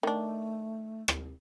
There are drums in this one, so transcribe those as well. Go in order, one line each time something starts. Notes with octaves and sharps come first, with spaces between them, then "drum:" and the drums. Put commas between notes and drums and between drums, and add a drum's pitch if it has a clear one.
D#3 A3 D4
drum: rim click